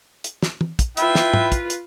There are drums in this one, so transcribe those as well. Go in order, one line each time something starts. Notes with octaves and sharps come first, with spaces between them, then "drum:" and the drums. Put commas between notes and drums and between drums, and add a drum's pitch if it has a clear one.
drum: hi-hat
drum: snare
drum: tom
drum: kick, hi-hat
E4 F4 B4 E5 G5, drum: hi-hat
drum: snare
drum: tom
drum: kick, hi-hat
drum: hi-hat